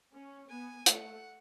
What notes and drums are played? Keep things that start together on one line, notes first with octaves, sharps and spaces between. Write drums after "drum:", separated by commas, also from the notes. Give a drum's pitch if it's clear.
C#4
B3 G#5
A3 F#5, drum: hi-hat